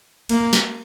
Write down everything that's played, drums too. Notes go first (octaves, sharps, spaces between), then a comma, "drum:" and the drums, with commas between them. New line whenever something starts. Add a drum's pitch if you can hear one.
A#3, drum: cymbal
drum: snare